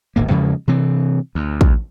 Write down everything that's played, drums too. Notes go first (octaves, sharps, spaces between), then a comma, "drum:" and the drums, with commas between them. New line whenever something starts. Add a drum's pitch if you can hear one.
D1 G#1 A#3
E2 C#3 F3 G#3
C3 E3 C4
D2
drum: kick